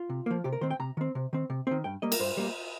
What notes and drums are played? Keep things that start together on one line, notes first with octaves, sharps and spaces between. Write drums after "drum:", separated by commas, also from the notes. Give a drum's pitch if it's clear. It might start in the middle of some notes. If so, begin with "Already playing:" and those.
Already playing: F4
C3
F3 A#3
C3 G4
A#4
D#3 C4 C5
G5
C3 A#5
D#3 C4
C3
D#3 C4
C3
D#3 C4
G2 G5
G3 A#3 D#5
A#4, drum: cymbal
G2 C5
G3 A#3